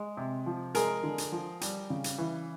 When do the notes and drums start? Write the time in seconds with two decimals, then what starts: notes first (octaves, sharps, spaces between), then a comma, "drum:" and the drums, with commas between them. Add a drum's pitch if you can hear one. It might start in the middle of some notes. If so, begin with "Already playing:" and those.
Already playing: G#3
0.17 C3
0.46 F3
0.75 G#3 G#4 A#4, drum: hi-hat
1.04 D3
1.18 drum: hi-hat
1.32 F3
1.61 G3, drum: hi-hat
1.90 C#3
2.04 drum: hi-hat
2.18 E3